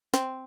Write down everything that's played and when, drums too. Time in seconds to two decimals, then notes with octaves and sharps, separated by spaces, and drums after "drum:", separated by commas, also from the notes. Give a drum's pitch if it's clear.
0.14 C4, drum: snare